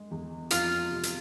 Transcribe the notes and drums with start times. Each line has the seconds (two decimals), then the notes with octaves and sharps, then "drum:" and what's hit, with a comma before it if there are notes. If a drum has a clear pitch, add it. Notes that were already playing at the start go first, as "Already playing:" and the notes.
Already playing: G#3
0.11 E2
0.50 F2 F4, drum: hi-hat
0.90 C3
1.03 drum: hi-hat